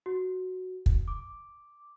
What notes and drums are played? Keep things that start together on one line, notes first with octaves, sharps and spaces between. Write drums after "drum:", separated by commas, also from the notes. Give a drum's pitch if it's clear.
F#4
drum: kick
D6